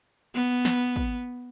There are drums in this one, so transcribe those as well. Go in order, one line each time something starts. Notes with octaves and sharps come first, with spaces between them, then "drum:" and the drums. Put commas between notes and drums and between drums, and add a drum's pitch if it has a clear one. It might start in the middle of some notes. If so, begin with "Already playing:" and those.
B3
drum: snare
drum: kick